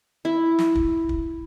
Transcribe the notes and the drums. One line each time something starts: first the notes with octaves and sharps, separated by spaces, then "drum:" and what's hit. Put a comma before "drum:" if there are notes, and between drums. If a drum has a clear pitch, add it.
E4
drum: snare
drum: kick
drum: kick